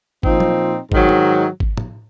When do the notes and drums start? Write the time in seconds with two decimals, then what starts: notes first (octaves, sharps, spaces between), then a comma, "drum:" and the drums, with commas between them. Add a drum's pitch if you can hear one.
0.23 A#2 F3 C4 D#4, drum: kick
0.40 drum: tom F#3
0.92 G#2 D#3 F#3, drum: kick
1.09 drum: tom F#3
1.60 drum: kick
1.77 drum: tom